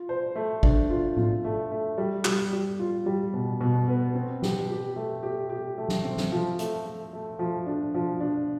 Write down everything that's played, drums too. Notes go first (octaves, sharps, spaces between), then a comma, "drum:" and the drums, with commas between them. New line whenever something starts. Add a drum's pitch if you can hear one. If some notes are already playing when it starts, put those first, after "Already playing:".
Already playing: F4
C5
A3
D4, drum: kick
F4
F4, drum: tom
A3
A3
G3
G3, drum: clap
G3
F4
G3
B2
B2
B3
C4
G4, drum: snare
G4
A3
G4
G4
A3
drum: snare
C4
drum: snare
F3
A3, drum: hi-hat
A3
A3
F3
D4
F3
D4